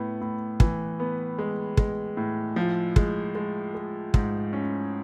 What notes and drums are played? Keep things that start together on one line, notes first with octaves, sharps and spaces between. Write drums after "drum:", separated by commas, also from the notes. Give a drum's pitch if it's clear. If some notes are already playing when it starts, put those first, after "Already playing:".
Already playing: A2 B3
A2
E3, drum: kick
B3
G#3
G#3, drum: kick
A2
F3
G#3, drum: kick
G#3
G#3
G#2, drum: kick
C#4